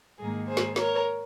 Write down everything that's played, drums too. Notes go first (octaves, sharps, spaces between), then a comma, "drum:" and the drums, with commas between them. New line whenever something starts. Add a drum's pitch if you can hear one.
G#2 D#3 A#3 G#4
G#4 C5
drum: snare
A#4 C#5, drum: snare